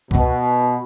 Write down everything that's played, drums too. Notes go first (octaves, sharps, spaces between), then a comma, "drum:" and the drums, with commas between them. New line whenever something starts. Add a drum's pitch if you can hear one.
B2, drum: kick C#2